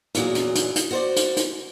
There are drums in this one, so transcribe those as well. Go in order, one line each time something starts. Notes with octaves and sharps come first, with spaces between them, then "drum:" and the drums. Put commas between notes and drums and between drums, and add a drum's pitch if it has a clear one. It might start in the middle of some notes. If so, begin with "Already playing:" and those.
E2 A#2 F#3 G#4, drum: hi-hat
drum: hi-hat
drum: hi-hat
drum: hi-hat
F#4 C5 D5
drum: hi-hat
drum: hi-hat